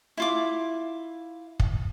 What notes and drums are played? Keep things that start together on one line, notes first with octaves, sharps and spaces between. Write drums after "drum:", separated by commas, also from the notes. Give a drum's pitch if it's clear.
E4 F4 D6
drum: kick